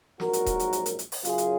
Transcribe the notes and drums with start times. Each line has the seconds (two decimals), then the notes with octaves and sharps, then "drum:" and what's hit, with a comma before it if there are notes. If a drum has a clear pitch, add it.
0.20 A#1 G#2 F#3 F#4 A#4, drum: snare
0.33 drum: hi-hat
0.46 drum: kick D#1, hi-hat
0.59 drum: hi-hat
0.73 drum: hi-hat
0.86 drum: hi-hat
0.99 drum: hi-hat
1.12 drum: open hi-hat
1.25 F#2 C#3 F#3 F4 G#4, drum: hi-hat
1.38 drum: hi-hat